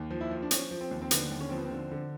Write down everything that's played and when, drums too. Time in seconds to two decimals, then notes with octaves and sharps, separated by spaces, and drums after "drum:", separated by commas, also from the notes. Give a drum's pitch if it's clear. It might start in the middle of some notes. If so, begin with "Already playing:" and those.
Already playing: D#2
0.10 F3
0.21 E4
0.31 F3
0.42 D4
0.51 F3 C#4, drum: hi-hat
0.71 F3
0.81 C4
0.91 D#2
1.01 C4
1.11 D3 B3, drum: hi-hat
1.31 D#2
1.41 C#4
1.49 F3 C4
1.57 B3
1.65 C4
1.71 D3
1.91 D3